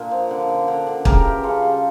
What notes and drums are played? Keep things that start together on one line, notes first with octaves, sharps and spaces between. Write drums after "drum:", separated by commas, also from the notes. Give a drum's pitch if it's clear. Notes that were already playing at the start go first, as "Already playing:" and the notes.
Already playing: A#2 D4 F4
F3
D3
D3
D3
D3
C#3 G4 A#4, drum: kick
E3
C#3 F4 A4
G3